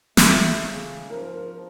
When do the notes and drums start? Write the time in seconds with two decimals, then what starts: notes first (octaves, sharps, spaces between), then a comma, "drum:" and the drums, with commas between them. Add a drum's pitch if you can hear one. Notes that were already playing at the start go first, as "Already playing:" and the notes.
0.17 A3, drum: snare
0.63 C#3
1.10 F3 A#4
1.33 A#4